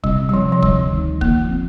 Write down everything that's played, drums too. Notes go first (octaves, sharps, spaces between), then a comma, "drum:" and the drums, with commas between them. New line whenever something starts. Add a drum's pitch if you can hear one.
C3 G3, drum: kick
G3
C3 F3
F3
D2 G3, drum: kick
D#3
F3 A#3, drum: kick
C4